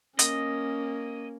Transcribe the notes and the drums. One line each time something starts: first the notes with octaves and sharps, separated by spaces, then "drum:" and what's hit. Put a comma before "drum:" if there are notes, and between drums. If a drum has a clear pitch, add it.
A#3 C#4 D#5, drum: hi-hat